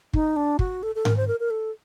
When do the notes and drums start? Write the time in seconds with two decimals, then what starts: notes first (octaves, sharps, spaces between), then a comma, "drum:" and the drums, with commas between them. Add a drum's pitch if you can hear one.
0.14 D#4, drum: kick
0.36 D4
0.59 F#4, drum: kick
0.83 A4
0.95 A4
1.05 A#4, drum: tom G#2
1.17 C5
1.28 A#4
1.40 A#4
1.50 A4